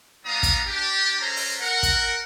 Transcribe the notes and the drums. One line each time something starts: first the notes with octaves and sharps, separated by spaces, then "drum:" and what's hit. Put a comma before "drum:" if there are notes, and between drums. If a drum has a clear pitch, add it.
G3 B3 D4 F5 A#5 D#6
drum: kick, hi-hat
D4 G4
G#3 C#4 A4 C5 A#5
drum: open hi-hat
A#4 F#5
drum: kick, hi-hat